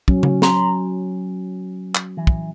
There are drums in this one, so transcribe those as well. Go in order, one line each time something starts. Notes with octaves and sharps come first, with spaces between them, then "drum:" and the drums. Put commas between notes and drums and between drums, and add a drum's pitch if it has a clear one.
F#3 C#4, drum: kick
drum: tom C#3
A#5 C6, drum: snare
drum: clap
E3
drum: kick